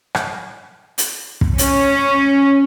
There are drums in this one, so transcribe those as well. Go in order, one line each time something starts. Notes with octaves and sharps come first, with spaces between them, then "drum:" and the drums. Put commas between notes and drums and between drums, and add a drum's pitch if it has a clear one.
drum: rim click
drum: hi-hat
drum: kick
C#4, drum: hi-hat